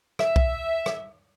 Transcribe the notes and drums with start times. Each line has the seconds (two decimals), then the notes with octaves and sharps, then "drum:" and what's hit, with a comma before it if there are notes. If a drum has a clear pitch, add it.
0.19 E5, drum: rim click
0.36 drum: kick B1
0.86 drum: rim click